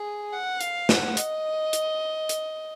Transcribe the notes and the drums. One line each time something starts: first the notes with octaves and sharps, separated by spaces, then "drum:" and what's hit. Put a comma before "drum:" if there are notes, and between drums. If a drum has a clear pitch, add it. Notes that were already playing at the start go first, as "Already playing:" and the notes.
Already playing: G#4
F#5
F5, drum: hi-hat
F#5, drum: snare
D#5, drum: hi-hat
drum: hi-hat
drum: hi-hat